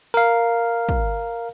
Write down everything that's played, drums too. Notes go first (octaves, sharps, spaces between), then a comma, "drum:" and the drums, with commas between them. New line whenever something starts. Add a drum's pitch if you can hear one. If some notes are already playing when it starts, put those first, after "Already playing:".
A#4 F5
drum: kick